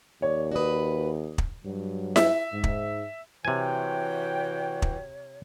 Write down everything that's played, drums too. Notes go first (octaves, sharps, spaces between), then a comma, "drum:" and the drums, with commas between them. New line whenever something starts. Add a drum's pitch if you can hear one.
D#2 C#5 D5
F#4 B4 D5 D#6
drum: kick
G2 F#3
E5, drum: snare E4
G#2
drum: kick
C3 E3 F#4 C#5 G5 G#5
drum: kick